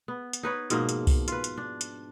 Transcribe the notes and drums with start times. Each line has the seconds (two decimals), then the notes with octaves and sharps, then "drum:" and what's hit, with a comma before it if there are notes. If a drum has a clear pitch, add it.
0.08 B3
0.33 drum: hi-hat
0.43 D#4 B4 C#5
0.70 G#2 B2 F3 A#3, drum: hi-hat
0.89 drum: hi-hat
1.07 drum: kick C2, open hi-hat
1.28 F4 B4, drum: hi-hat
1.44 drum: hi-hat
1.58 D4
1.81 drum: hi-hat